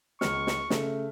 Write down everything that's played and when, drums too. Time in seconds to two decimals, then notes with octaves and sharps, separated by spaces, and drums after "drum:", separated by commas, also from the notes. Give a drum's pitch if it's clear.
0.21 C#2 C#6 F6, drum: snare
0.47 drum: snare
0.70 C#3 A3, drum: snare